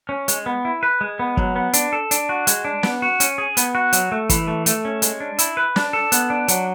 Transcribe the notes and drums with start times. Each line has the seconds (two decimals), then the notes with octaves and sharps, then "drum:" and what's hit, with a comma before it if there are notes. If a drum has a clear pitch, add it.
0.09 C#4
0.28 G#3, drum: hi-hat
0.46 B3
0.65 E4
0.83 B4
1.01 G#3
1.19 B3
1.37 F#3, drum: kick
1.56 B3
1.73 D4, drum: hi-hat
1.93 A4
2.11 D4, drum: hi-hat
2.29 F#4
2.47 G#3, drum: hi-hat
2.65 D4
2.83 B3, drum: snare
3.02 F#4
3.20 C#4, drum: hi-hat
3.38 G#4
3.57 B3, drum: hi-hat
3.75 F#4
3.93 F#3, drum: hi-hat
4.12 A3
4.30 E3, drum: kick, hi-hat
4.47 A3
4.66 A3, drum: hi-hat
4.85 C#4
5.02 G#3, drum: hi-hat
5.20 D4
5.39 E4, drum: hi-hat
5.57 B4
5.76 D4, drum: snare
5.93 A4
6.12 B3, drum: hi-hat
6.30 D4
6.48 F#3, drum: hi-hat